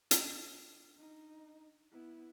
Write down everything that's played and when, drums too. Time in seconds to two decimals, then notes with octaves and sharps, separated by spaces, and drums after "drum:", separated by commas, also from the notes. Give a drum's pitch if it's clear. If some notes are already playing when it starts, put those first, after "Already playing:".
0.11 D4, drum: hi-hat
0.98 D#4
1.92 B3 E4